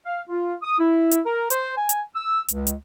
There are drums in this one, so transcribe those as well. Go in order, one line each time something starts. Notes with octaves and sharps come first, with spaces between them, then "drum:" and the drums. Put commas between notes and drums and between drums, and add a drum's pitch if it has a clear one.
F5
F4
D#6
E4
drum: hi-hat
A#4
C5, drum: hi-hat
G#5
drum: hi-hat
E6
C#2, drum: hi-hat
drum: hi-hat